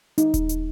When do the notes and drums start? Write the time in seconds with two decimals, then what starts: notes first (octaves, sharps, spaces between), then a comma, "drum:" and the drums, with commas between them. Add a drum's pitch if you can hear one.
0.18 D#4, drum: hi-hat
0.34 drum: kick D#1, hi-hat
0.49 drum: hi-hat